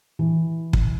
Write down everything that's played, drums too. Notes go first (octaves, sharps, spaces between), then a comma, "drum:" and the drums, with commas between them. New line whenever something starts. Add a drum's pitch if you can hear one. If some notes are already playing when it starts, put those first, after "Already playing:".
E3
drum: kick